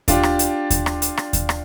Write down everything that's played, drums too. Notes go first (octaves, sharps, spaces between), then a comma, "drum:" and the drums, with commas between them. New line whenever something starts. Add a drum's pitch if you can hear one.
D4 F4 G4 D5, drum: kick D#2, hi-hat
drum: rim click
drum: hi-hat
drum: kick D#2, hi-hat
drum: rim click
drum: hi-hat
drum: rim click
drum: kick D#2, hi-hat
drum: rim click